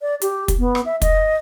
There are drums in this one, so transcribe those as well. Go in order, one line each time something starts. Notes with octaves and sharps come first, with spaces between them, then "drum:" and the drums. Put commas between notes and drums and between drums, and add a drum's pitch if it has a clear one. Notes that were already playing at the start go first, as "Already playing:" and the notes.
D5
G4, drum: hi-hat
drum: kick, hi-hat
B3
drum: rim click
E5
D#5, drum: kick, hi-hat